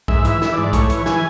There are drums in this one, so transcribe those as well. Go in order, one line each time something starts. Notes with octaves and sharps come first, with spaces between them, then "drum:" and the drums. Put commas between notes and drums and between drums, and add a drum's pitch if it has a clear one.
G#2 E5, drum: kick B1
E3, drum: hi-hat
E5
E3, drum: snare
G#2 D5
A2 C#5, drum: kick B1, hi-hat
E3, drum: hi-hat
E3 G#5, drum: snare